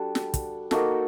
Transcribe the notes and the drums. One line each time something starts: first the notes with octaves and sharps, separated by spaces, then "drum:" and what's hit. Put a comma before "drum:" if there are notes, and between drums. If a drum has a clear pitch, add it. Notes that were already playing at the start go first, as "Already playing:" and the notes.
Already playing: G3 D4 F#4 A4
drum: snare
drum: kick, hi-hat
A#3 D#4 F#4 A4, drum: snare